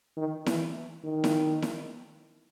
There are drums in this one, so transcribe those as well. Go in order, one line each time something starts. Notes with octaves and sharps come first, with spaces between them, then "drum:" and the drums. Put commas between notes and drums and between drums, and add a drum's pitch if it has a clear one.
D#3
E3, drum: snare E4
D#3
drum: snare E4
drum: snare E4